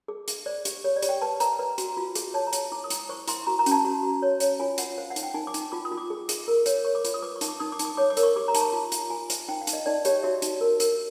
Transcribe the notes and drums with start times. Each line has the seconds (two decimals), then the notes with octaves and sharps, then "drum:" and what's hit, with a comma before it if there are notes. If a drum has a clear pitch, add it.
0.08 G#4
0.28 G#4, drum: hi-hat
0.46 C5 D5
0.65 G4, drum: hi-hat
0.84 G4 C#5
0.96 D5
1.02 G4, drum: hi-hat
1.09 G5
1.21 B4 A5
1.40 B4 A#5, drum: hi-hat
1.59 B4
1.78 F#4, drum: hi-hat
1.97 F4
2.15 G#4, drum: hi-hat
2.34 C#5 A5
2.47 A#5
2.53 G#4, drum: hi-hat
2.72 E4 D6
2.84 D#6
2.90 E4, drum: hi-hat
3.09 C5 C#6
3.28 E4 C6, drum: hi-hat
3.47 F#4 A#5
3.59 A#5
3.66 C#4, drum: hi-hat
3.71 A5
3.85 F#4
4.03 F#4
4.22 C#5
4.40 C#5, drum: hi-hat
4.60 F4 G#5
4.78 F4 F#5, drum: hi-hat
4.98 C5 F5
5.10 F#5
5.16 D#4, drum: hi-hat
5.23 G5
5.34 D#4 G#5
5.47 D6
5.54 D#4, drum: hi-hat
5.72 F4 D6
5.85 D#6
5.92 F4
5.97 D6
6.10 G#4
6.29 G#4, drum: hi-hat
6.48 A#4
6.66 C#5, drum: hi-hat
6.85 C#5 C#6
6.95 D6
7.05 F4, drum: hi-hat
7.14 D#6
7.22 B4 D6
7.36 C#6
7.41 D#4, drum: hi-hat
7.48 D6
7.60 D#4 D#6
7.72 D6
7.79 D#4, drum: hi-hat
7.85 D6
7.97 C#5 D6
8.10 D6
8.17 A#4, drum: hi-hat
8.23 C#6
8.36 G4 D6
8.48 A#5
8.55 D#4 A5, drum: hi-hat
8.61 A#5
8.73 F4 A5
8.92 F4, drum: hi-hat
9.10 F4 G#5
9.30 C5, drum: hi-hat
9.48 D#4 G5
9.61 F5
9.67 D#4, drum: hi-hat
9.73 D#5
9.86 D#4 D5
10.05 G4 C#5, drum: hi-hat
10.23 F#4 E5
10.42 D#4, drum: hi-hat
10.61 A#4
10.80 A#4, drum: hi-hat